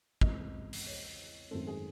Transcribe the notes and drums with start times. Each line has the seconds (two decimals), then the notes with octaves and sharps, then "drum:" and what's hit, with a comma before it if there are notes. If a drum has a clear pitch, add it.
0.21 E2 C#3 G#3 C4 D#5, drum: kick
0.73 drum: open hi-hat
0.87 C#5
1.51 G#1 F#2 D#3 A3 C4 A4
1.67 G#4